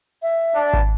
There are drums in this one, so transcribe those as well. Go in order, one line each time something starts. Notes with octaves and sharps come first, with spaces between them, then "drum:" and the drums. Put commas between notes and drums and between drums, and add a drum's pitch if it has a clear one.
E5
D4
drum: kick G#1